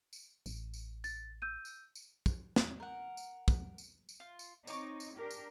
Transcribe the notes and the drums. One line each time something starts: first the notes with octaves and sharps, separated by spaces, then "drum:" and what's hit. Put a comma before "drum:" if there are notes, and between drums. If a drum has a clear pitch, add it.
drum: tambourine
A1, drum: tambourine
drum: tambourine
A6, drum: tambourine
E6 G6 D#7
drum: tambourine
drum: tambourine
drum: kick, tambourine
drum: snare
A#4 F#5
drum: tambourine
drum: kick, tambourine
drum: tambourine
drum: tambourine
F4
drum: tambourine
C4 D#4 C#5 C#6 D6, drum: tambourine
drum: tambourine
D4 G4 A#4
drum: tambourine